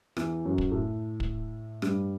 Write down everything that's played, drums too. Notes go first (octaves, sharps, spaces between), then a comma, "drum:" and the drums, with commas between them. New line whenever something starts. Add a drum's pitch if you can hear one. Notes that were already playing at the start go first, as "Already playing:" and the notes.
E2 E3, drum: rim click
F#2 F#3
drum: kick
A2 A3
drum: kick
G2 G3, drum: rim click